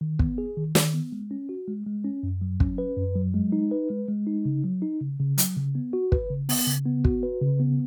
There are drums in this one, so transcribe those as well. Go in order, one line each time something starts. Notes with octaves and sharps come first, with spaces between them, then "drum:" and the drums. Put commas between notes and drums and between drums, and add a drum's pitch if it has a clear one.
D#3
B3, drum: kick
G#4
D#3
D#3, drum: snare
B3
G#3
C#4
F#4
G#3
G#3
C#4
F#2
F#3
C#4, drum: kick
B4
F#2
F#3
G#3
D#4
B4
G#3
G#3
D#4
C#3
F#3
D#4
C#3
C#3
F#3, drum: hi-hat
C#3
B3
F#4
B4, drum: kick
C#3
B3, drum: open hi-hat
C#3
B3
F#4, drum: kick
B4
C#3
B3